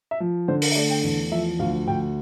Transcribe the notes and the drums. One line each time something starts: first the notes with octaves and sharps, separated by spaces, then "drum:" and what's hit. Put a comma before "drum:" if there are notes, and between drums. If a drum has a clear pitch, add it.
E5
F3
D3 C5
A#4, drum: open hi-hat
E5
A3 D5
G5
E2
F3 E5
D2 F5
D2 G5